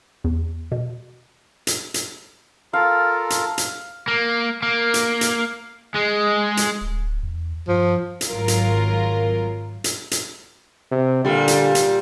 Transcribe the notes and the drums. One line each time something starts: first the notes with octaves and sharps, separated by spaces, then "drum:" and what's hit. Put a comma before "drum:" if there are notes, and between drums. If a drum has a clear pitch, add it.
E2
B2
drum: hi-hat
drum: hi-hat
F4 A4 A#4 F5
drum: hi-hat
drum: hi-hat
A#3
A#3
drum: hi-hat
drum: hi-hat
G#3
drum: hi-hat
D1
E2
G2 F3
drum: hi-hat
G#1 F#3 F4 A#4
drum: hi-hat
drum: hi-hat
drum: hi-hat
C3
A#2 D3 G3
drum: hi-hat
drum: hi-hat